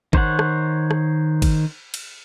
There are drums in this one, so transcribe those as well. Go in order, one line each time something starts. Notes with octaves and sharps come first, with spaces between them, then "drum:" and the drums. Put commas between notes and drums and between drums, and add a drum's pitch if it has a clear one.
D#3 C5 C#5 F#5, drum: kick
drum: rim click
drum: rim click
drum: kick, cymbal
drum: cymbal